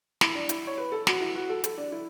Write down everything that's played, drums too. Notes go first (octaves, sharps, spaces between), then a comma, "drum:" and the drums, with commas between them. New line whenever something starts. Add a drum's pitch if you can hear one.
E4, drum: snare
D4
E4, drum: hi-hat
C#5
B4
A4
F#4, drum: snare
E4
F#4
A4
A4, drum: hi-hat
D4
E4